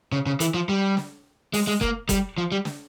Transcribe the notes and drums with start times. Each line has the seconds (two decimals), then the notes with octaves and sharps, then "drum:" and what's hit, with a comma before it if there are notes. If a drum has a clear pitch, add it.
0.12 C#3
0.26 C#3
0.40 E3, drum: hi-hat
0.54 F3
0.69 G3
0.97 drum: snare
1.54 G#3, drum: open hi-hat
1.67 G#3
1.81 A#3, drum: kick F#1
2.09 G3, drum: kick F#1, hi-hat
2.38 F3
2.52 G3
2.65 drum: snare